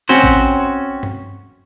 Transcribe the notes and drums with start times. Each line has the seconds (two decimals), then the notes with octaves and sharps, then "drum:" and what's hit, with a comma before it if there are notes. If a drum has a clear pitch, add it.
0.09 C4 C#4 F#4 C5
0.24 drum: kick A1
1.03 drum: tom G2